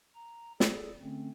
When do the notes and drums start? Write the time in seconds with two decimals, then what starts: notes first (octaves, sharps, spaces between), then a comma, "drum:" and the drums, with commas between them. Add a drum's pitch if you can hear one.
0.15 A#5
0.60 G#4 A4 D5, drum: snare
1.00 D3 A3 C4 C#4